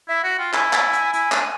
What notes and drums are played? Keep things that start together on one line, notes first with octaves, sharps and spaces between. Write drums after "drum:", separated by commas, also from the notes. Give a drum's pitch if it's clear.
E4 E5
F#4 F#5
F4 G5
E4 G#5, drum: clap
drum: clap
drum: hi-hat
E4, drum: hi-hat
D4, drum: clap